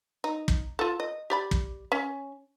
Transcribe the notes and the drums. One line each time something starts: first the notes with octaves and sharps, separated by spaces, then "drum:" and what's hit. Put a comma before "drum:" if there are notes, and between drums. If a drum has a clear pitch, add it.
D#4
drum: kick
F4 A4
D#5
G4 D5 B5
drum: kick
C#4